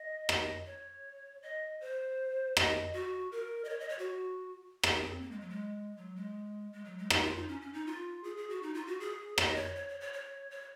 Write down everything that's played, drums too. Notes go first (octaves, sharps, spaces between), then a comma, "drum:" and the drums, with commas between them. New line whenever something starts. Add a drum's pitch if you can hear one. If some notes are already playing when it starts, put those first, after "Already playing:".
Already playing: D#5
drum: rim click
C#5
D#5
C5
D#5, drum: rim click
F#4
A#4
D#5
C#5
D#5
C#5
F#4
G#4, drum: rim click
C4
A#3
G#3
F#3
G#3
F#3
G#3
G#3
F#3
G#3
D#4, drum: rim click
F4
D#4
C#4
C#4
D#4
F4
G#4
G#4
F#4
D#4
F4
F#4
G#4
C#5, drum: rim click
D#5
C#5
C#5
C#5
C#5
C#5
C#5